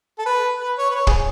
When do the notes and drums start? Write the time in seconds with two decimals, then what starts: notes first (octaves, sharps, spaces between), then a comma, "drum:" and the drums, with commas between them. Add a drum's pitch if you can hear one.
0.19 A4
0.26 B4
0.61 B4
0.78 C#5
0.90 B4
0.95 C#5
1.07 G#4, drum: kick